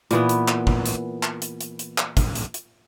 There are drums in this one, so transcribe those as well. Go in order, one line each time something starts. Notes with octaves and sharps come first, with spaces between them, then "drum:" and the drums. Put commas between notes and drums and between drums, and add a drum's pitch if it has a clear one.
A#2 E3 B3, drum: hi-hat
drum: hi-hat
drum: clap
drum: kick
drum: hi-hat
drum: clap
drum: hi-hat
drum: hi-hat
drum: hi-hat
drum: clap
drum: kick, hi-hat
drum: hi-hat
drum: hi-hat